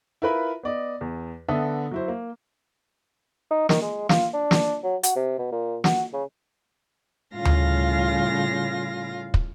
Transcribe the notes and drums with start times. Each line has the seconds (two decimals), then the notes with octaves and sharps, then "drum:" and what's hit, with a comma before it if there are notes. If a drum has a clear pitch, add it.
0.22 E4 F4 A#4 B4 B5
0.63 B3 D5 D#5
1.01 E2
1.48 D3 B3 A4 E5 D#6
1.91 F#3 E4 C5
2.08 A#3
3.51 D#4
3.69 D#3, drum: snare
3.82 G#3
4.09 F4, drum: snare
4.33 D4
4.51 drum: snare
4.84 F#3
5.03 F#4, drum: hi-hat
5.16 C3
5.39 B2
5.52 A#2
5.84 F#4, drum: snare
6.13 C#3
7.35 A2 C#3 G3 F4 F5 A#6
7.45 drum: tom D2
9.34 drum: kick